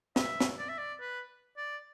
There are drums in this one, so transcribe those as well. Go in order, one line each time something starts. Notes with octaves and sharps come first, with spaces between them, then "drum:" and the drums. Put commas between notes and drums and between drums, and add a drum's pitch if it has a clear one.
E5, drum: snare
drum: snare
D5
E5
D5
B4
D5